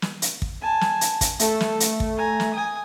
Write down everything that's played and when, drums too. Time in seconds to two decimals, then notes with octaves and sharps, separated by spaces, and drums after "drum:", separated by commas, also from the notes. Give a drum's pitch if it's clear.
0.02 drum: snare
0.22 drum: hi-hat
0.42 drum: kick
0.62 G#5 A5
0.81 drum: snare
1.01 drum: hi-hat
1.21 drum: kick, hi-hat
1.39 A3 A4, drum: hi-hat
1.60 drum: snare
1.80 drum: hi-hat
2.00 drum: kick
2.17 G#5 A#5
2.40 drum: snare
2.54 G#5 D#6